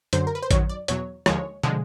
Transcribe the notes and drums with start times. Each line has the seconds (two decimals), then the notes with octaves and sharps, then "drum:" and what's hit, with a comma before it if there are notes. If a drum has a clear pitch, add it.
0.13 F#2 D3 F#3 C5, drum: hi-hat
0.27 A#4
0.35 B4
0.42 C5
0.51 F#2 D#3 F#3 C#5, drum: kick A1, hi-hat
0.69 D5
0.88 E2 B2 F#3 C#5, drum: hi-hat
1.26 D#2 D3 F3 G#3 C#5, drum: rim click
1.63 D3 F3 G#3, drum: tom